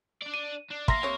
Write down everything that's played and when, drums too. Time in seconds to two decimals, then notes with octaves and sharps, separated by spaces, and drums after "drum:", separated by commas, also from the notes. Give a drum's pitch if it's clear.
0.22 D4 D5
0.34 D#7
0.70 D4
0.88 A#4 E5 F5 A#5 C6 A#6, drum: kick
1.03 C3 C#5